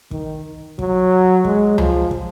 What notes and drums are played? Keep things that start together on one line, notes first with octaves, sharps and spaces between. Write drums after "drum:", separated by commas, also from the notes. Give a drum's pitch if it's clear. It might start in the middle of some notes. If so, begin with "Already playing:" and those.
D#3, drum: kick
F#3, drum: kick
G#3, drum: kick
F3, drum: tom C#2
drum: kick